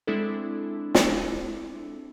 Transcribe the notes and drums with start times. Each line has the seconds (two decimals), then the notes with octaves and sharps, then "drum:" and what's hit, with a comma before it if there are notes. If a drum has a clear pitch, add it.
0.07 G#3 C4 D4 E4 A4
0.95 drum: snare